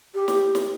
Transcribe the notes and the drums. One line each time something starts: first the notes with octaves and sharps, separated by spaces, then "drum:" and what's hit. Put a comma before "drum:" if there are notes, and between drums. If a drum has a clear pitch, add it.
G4
drum: snare
drum: snare